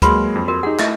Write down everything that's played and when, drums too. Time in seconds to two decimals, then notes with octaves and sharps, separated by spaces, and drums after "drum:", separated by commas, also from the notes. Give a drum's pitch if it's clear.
0.02 F#3 G#3 A#3 B4 B5 C6, drum: kick, hi-hat
0.35 F2
0.48 F#4 A#4
0.63 D#4 G4 G#4 F#5
0.79 A3 E4 D#5 E5, drum: clap